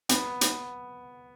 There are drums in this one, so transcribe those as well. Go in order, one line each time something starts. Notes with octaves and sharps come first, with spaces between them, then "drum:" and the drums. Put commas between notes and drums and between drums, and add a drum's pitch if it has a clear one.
B3, drum: hi-hat
drum: hi-hat